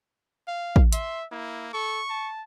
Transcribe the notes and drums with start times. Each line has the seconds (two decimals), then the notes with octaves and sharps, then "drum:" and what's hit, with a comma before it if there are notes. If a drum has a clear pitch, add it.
0.48 F5
0.76 drum: kick
0.93 E5 C6, drum: hi-hat
1.32 A#3 E4
1.73 A4 C#6
2.09 A5